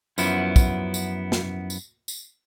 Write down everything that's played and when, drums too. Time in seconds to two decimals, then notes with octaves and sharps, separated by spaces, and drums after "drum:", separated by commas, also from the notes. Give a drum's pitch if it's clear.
0.18 F#2 F3 B3 E4, drum: tambourine
0.56 drum: kick, tambourine
0.94 drum: tambourine
1.32 drum: snare
1.70 drum: tambourine
2.08 drum: tambourine